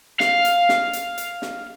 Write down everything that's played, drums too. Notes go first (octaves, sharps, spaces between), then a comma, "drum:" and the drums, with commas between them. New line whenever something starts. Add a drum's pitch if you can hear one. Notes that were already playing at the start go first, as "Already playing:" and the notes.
F5, drum: snare
drum: hi-hat
drum: snare
drum: hi-hat
drum: hi-hat
drum: snare